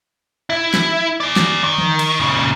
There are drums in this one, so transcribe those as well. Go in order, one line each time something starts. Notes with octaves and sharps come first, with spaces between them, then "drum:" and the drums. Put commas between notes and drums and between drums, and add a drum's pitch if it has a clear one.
E4
drum: snare
G#4 D5
drum: snare
D#3
drum: tom E3
drum: cymbal
A#2 C#3